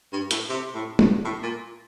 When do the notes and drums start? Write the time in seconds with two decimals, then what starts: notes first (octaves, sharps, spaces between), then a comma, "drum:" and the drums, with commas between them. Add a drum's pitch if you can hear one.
0.13 G2
0.31 A2, drum: hi-hat
0.49 C3
0.74 A2
0.99 G2, drum: tom
1.24 A2
1.43 A#2